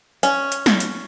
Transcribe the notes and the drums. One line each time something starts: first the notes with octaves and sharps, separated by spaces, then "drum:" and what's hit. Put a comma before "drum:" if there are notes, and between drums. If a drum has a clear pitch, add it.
C#4, drum: hi-hat
drum: hi-hat
drum: snare
drum: hi-hat